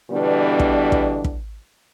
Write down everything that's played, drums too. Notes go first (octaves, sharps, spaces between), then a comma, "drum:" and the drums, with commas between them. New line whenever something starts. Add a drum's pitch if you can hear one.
B2 D3 E3 G3 B3 D4
drum: kick
drum: kick
drum: kick